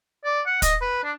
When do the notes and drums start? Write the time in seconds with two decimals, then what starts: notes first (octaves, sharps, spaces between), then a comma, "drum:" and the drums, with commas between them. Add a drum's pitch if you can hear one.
0.24 D5
0.46 F#5
0.62 D#5, drum: kick, hi-hat
0.81 B4
1.03 D4